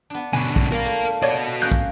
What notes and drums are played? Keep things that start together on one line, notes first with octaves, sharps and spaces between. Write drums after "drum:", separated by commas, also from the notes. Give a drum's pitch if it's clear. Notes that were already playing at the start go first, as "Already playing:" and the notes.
B3 D4
B2 D3 D4 B4 C#5 G#5
drum: kick
G3 F4 A#4 F5
A3
F#4 B4 C#5 D5 G#6
A#3 C#4 F#6 G6
drum: kick